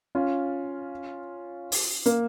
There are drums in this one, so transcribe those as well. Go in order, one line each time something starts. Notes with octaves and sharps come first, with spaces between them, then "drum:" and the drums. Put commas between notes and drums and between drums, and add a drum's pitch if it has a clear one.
C#4 F4
drum: open hi-hat
A#3, drum: hi-hat